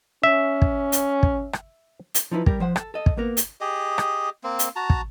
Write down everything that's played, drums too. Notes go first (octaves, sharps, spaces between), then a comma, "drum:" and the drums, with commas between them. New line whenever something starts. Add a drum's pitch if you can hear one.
C#4 E5
drum: kick
drum: hi-hat
drum: kick
drum: rim click
drum: hi-hat
F3 D#4 E4 B4
G3 G4 A#4, drum: kick
F3 C5 F#5
A4, drum: rim click
A4 D#5
drum: kick
A#3 B3 A#4
drum: hi-hat
G4 G#4 D#5
drum: rim click
A#3 C4
drum: hi-hat
F#4 A5 A#5
drum: kick